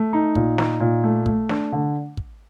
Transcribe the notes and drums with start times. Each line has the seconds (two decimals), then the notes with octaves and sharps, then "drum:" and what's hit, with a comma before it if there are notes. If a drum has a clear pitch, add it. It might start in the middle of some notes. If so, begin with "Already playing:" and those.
Already playing: A3
0.13 D#4
0.35 A#2, drum: kick
0.58 D#4, drum: snare
0.80 A#2
1.04 A3
1.26 A3, drum: kick
1.49 D4, drum: snare
1.72 D3
2.17 drum: kick